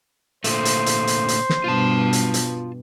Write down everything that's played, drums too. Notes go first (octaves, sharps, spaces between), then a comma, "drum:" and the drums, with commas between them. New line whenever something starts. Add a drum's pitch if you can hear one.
A#2 D3 A3 C5, drum: hi-hat
drum: hi-hat
drum: hi-hat
drum: hi-hat
drum: hi-hat
drum: snare
G2 B2 F4 A5
drum: hi-hat
drum: hi-hat